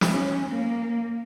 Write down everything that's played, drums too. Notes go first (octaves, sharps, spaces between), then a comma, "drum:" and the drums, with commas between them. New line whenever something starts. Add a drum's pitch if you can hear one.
drum: snare
C#4
A#3